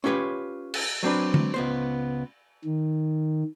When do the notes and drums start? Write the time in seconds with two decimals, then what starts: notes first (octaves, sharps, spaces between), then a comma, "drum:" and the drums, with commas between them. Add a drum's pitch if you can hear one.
0.04 C#4 F4 G4 B4 C#5
0.74 drum: cymbal
1.03 F#3 C4 D4 B4
1.34 drum: tom D3
1.54 C#2 B3 C5
2.65 D#3